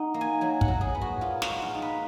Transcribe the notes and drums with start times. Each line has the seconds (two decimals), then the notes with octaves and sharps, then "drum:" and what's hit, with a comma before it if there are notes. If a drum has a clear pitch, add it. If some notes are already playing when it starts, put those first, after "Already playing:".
Already playing: D#4 F#5
0.14 A#3
0.21 G#5
0.41 F#3 G#5
0.61 F#5, drum: kick
0.68 F#3
0.81 G#4
0.95 B3
1.01 F#4
1.21 A#2 F4
1.42 F#4, drum: snare
1.49 G#3
1.62 F4
1.75 D#4
1.82 B4